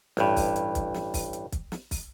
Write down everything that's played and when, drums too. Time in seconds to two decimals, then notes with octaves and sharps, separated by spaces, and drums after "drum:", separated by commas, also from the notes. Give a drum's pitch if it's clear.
0.17 A1 G2, drum: snare
0.36 drum: kick, open hi-hat
0.56 drum: hi-hat
0.75 drum: kick, hi-hat
0.94 drum: snare
1.14 drum: kick, open hi-hat
1.33 drum: hi-hat
1.52 drum: kick, hi-hat
1.72 drum: snare
1.91 drum: kick, open hi-hat